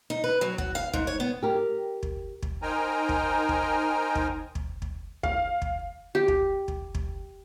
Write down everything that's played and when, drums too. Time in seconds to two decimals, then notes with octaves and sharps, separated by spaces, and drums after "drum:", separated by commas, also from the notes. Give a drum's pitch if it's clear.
0.10 D#4
0.24 B4
0.41 F#3
0.58 F#4, drum: kick
0.75 F5
0.93 G#2, drum: kick
1.07 C#5
1.20 B3
1.43 G4 A#4
2.03 drum: kick
2.42 drum: kick
2.62 D#4 A#4 C5 G5 G#5 A#5
3.09 drum: kick
3.49 drum: kick
4.15 drum: kick
4.55 drum: kick
4.82 drum: kick
5.23 F5, drum: kick
5.62 drum: kick
6.15 G4
6.28 drum: kick
6.68 drum: kick
6.95 drum: kick